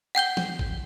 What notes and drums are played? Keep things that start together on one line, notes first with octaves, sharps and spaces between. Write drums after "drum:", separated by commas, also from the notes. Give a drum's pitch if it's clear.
F#5 G5 G6 G7
drum: snare
drum: kick G1